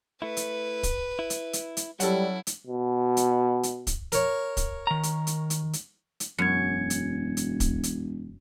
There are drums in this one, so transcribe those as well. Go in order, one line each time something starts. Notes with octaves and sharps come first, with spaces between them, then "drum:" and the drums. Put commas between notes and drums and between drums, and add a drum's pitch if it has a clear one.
A3 E4 B4
drum: hi-hat
drum: kick, hi-hat
E4
drum: hi-hat
drum: hi-hat
drum: hi-hat
F#3 G3 C#4 E4 A4 F#5, drum: hi-hat
drum: hi-hat
B2
drum: hi-hat
drum: hi-hat
drum: kick, hi-hat
A#4 C#5, drum: hi-hat
drum: kick, hi-hat
D#3 A#5
drum: hi-hat
drum: hi-hat
drum: hi-hat
drum: hi-hat
drum: hi-hat
E1 F#2 G#6 C#7
drum: hi-hat
drum: hi-hat
drum: kick, hi-hat
drum: hi-hat